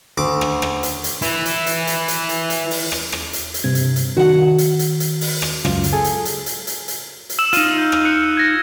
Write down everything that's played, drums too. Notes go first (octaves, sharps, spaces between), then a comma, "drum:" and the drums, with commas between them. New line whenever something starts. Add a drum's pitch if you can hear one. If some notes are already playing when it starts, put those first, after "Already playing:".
D2 D6
drum: rim click
drum: rim click
drum: hi-hat
drum: hi-hat
E3 E4, drum: hi-hat
drum: hi-hat
drum: hi-hat
drum: hi-hat
drum: hi-hat
drum: hi-hat
drum: hi-hat
drum: open hi-hat
drum: rim click
drum: rim click
drum: hi-hat
drum: hi-hat
G2 C3 G#6
drum: hi-hat
drum: hi-hat
D#3 F#4 F#5
drum: hi-hat
drum: hi-hat
drum: hi-hat
drum: open hi-hat
drum: rim click
C#2 F#2 F4, drum: rim click
drum: hi-hat
G#4 A4 G#5
drum: hi-hat
drum: hi-hat
drum: hi-hat
drum: hi-hat
drum: hi-hat
drum: hi-hat
E6 E7 F#7
D#4 F4 F6 D#7 E7, drum: hi-hat
G6
drum: rim click
F6 F#6 C#7
G#6 A#6 C#7